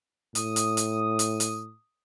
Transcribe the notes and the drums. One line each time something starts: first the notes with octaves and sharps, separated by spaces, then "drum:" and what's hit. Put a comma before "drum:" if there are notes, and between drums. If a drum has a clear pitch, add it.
A2 D#6, drum: hi-hat
drum: hi-hat
drum: hi-hat
drum: hi-hat
drum: hi-hat